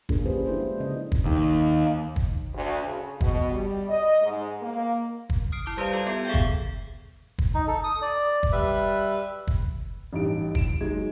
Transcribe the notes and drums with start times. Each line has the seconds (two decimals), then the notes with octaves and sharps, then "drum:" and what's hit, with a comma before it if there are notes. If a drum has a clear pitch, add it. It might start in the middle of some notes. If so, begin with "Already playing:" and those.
0.09 A#3 D4 F4 G#4 A#4, drum: kick
0.25 F3 C#4 F4 G4 B4 C5
0.46 D4 E4 A4 C5
0.60 G#3
0.80 C#3 C#4 D#5
1.12 drum: kick
1.25 D#2
2.16 drum: kick
2.54 D2
2.82 C#3
3.21 B2, drum: kick
3.52 G3
3.88 D#5
4.21 G#2
4.61 A#3
5.30 drum: kick
5.52 D#6 F6 C7 D7
5.65 E4 D6 F6
5.77 G3 G4 B4 C5 D5 F5
5.93 F4 A4
6.06 B3 G4 A4 G6 G#6 C7
6.25 G#4 E5 F5 G5
6.34 drum: kick
7.38 drum: kick
7.54 D#4
7.68 A4
7.84 D#6
8.02 D5
8.43 drum: kick
8.52 G3 B4 E5
9.47 drum: kick
10.13 A1 G2 D#4 G4 D7
10.55 D7 E7, drum: kick
10.81 F#3 G#3 D#4 G#6